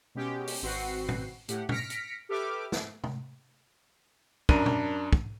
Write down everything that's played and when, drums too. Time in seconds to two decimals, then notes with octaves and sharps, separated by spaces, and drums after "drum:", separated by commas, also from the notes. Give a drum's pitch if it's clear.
0.15 B2 G#3 C#4 G4
0.47 drum: open hi-hat
0.62 G#1 C4 F#4 B4 F#5 C7
1.09 drum: tom A#2
1.49 A2 G4 F#5, drum: hi-hat
1.69 F6 A#6 B6 C#7 D7, drum: tom A#2
1.90 drum: hi-hat
2.29 G4 A4 B4 E5 D6 F6
2.72 drum: snare
3.04 drum: tom
4.49 F#2 D4 A#4 B5 D#7, drum: kick
4.66 drum: tom A#2
5.13 drum: kick